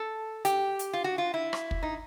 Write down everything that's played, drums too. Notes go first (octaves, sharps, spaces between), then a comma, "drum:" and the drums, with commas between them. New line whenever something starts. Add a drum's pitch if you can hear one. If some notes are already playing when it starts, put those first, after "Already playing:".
Already playing: A4
G4, drum: hi-hat
drum: hi-hat
F4
F#4
F4
E4
drum: rim click
drum: kick
D#4